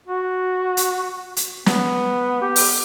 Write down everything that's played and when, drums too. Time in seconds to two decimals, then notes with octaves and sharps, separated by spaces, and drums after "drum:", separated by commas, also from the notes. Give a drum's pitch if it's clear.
0.07 F#4
0.77 drum: hi-hat
1.37 drum: hi-hat
1.66 B3, drum: snare
2.42 G4
2.56 drum: open hi-hat